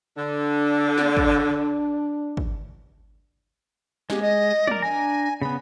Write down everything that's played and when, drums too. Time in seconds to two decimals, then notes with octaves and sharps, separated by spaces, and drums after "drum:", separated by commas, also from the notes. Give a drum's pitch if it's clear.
0.18 D3 D4
0.98 drum: snare
1.17 drum: kick
2.37 drum: kick
4.10 G#3 G4, drum: snare
4.22 D#5
4.68 A#4 D5, drum: tom
4.82 D4 G#5 A#5
5.42 C#3 B3 B5